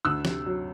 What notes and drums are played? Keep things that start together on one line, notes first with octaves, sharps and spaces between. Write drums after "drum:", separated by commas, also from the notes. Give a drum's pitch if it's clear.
D2 E6 F#6
C3, drum: snare
F#3